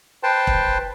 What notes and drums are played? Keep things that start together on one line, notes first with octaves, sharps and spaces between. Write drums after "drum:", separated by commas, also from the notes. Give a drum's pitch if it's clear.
B4 C5 G5 A5 C6
drum: kick E1